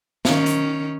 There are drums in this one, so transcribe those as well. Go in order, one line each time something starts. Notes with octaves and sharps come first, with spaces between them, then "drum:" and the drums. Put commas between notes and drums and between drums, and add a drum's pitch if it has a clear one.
D#3 C#4, drum: snare
drum: hi-hat